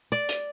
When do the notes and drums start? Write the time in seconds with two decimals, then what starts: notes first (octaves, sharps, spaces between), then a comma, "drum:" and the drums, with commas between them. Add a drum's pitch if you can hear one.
0.12 D5
0.29 drum: hi-hat